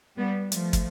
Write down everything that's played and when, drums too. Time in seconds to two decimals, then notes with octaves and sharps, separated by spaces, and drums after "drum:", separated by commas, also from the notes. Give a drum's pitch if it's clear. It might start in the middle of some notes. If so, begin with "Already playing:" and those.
0.18 G3 B3
0.52 F3 A3, drum: hi-hat
0.73 drum: kick, hi-hat